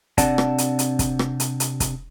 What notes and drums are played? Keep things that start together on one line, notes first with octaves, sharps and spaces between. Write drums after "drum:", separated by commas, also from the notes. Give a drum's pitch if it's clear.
C3 C4 D4 D5 F#5 A5, drum: kick, hi-hat
drum: rim click
drum: hi-hat
drum: hi-hat
drum: kick, hi-hat
drum: rim click
drum: hi-hat
drum: hi-hat
drum: kick, hi-hat